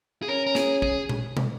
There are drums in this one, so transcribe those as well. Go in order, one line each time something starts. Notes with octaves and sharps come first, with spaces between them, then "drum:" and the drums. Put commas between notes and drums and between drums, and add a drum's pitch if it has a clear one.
G#4
C#4 A#4
A#4
G#4, drum: snare
G#4, drum: kick
drum: tom A#2
drum: tom